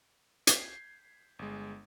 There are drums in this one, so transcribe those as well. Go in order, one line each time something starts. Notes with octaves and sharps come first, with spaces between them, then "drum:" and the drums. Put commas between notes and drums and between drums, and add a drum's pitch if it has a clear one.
G6 G#6 B6 C7, drum: hi-hat
G1 G#3